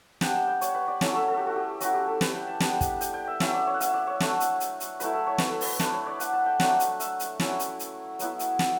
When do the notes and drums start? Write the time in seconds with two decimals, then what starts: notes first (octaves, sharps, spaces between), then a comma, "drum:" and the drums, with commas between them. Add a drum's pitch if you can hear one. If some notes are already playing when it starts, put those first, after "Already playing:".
0.21 G3 B3 D4 G5, drum: snare
0.34 A5
0.48 G5
0.61 C#5, drum: hi-hat
0.75 B4
0.88 D5
1.01 F#3 A3 C#4 E4 C#5, drum: snare
1.14 A4
1.28 A4
1.37 G4
1.47 F#4
1.56 G4
1.80 F#3 C#4 E4 F#4, drum: hi-hat
1.94 G4
2.07 A4
2.21 B4, drum: snare
2.34 G5
2.47 A5
2.60 G3 B3 D4, drum: snare
2.81 drum: kick, hi-hat
3.01 G5, drum: hi-hat
3.14 G5
3.27 E5
3.40 F#3 C#4 E4 E5, drum: snare
3.54 D5
3.67 C#5
3.74 F#5
3.80 E5, drum: hi-hat
3.94 D5
4.07 C#5
4.20 F#3 A3 D4, drum: snare
4.40 drum: hi-hat
4.60 drum: hi-hat
4.80 drum: hi-hat
5.00 F#3 A3 E4 B4, drum: hi-hat
5.14 A4
5.27 C#5
5.38 B4, drum: snare
5.49 A4
5.61 B4, drum: open hi-hat
5.80 A3 D4 B4, drum: snare
5.93 C#5
6.07 D5
6.20 F#5, drum: hi-hat
6.33 A5
6.46 G5
6.60 F#3 A3 D4 F#5, drum: snare
6.80 drum: hi-hat
7.00 E5, drum: hi-hat
7.20 drum: hi-hat
7.40 F#3 C#4 E4, drum: snare
7.59 drum: hi-hat
7.79 drum: hi-hat
8.19 F#3 B3 E4, drum: hi-hat
8.39 drum: hi-hat
8.59 drum: snare